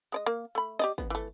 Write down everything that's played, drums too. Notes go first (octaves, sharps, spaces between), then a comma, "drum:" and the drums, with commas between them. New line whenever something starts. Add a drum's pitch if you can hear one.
G#3 D5 D#5
A#3
A3 B5
G4 D5 D#5, drum: snare
B3, drum: kick
E3 A3